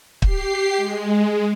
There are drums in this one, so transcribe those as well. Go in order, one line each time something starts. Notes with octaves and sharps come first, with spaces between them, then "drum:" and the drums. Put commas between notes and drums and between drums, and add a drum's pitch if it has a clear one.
G4 C7, drum: kick
G#3